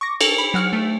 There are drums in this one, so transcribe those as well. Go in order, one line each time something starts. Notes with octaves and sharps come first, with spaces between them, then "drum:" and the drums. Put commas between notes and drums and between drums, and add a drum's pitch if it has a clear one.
C#6 D6 A#6
A4 A#4, drum: cymbal
B5
F#3 F#5 F6 C#7
A3